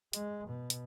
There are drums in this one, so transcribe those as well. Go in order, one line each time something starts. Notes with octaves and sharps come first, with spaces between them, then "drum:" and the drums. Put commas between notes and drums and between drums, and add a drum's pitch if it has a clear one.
G#3, drum: hi-hat
B2
drum: hi-hat